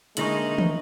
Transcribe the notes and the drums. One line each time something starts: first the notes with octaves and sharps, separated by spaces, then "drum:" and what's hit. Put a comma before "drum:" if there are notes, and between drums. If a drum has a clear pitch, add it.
D3 G#3 A#3 D#4 E4 C#6 A#6 F#7, drum: hi-hat
drum: tom